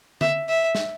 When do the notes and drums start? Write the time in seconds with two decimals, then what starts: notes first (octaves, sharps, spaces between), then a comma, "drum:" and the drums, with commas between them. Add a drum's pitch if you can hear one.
0.21 E5, drum: tom D3
0.49 E5
0.75 drum: snare